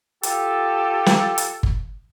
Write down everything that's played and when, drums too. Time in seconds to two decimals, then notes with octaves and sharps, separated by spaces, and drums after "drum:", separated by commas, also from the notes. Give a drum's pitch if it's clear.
0.23 F4 G4 A4, drum: hi-hat
1.06 drum: snare
1.38 drum: hi-hat
1.63 drum: kick G1